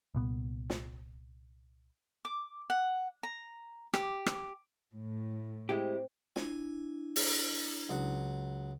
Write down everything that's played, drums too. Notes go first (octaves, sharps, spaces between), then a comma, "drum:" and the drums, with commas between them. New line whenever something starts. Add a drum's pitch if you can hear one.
C2 A#2 B3
drum: snare
D6
F#5
A#5
G4, drum: rim click
drum: rim click
A2
G#3 C4 E4 G4
D4 E4 G#5, drum: snare
drum: open hi-hat
C#2 F#3 F#5